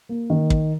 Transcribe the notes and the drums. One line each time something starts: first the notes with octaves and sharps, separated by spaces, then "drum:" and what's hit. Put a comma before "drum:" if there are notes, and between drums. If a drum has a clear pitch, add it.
A#3
D#3
drum: kick